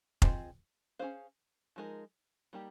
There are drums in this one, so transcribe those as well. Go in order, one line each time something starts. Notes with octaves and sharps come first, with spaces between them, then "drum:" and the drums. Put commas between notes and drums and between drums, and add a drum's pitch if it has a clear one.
C4 F4 G#4 C5 D#5, drum: kick F1
C#4 F4 G#4 C5 F5
F3 G#3 D#4 A#4
G3 A#3 D#4 G4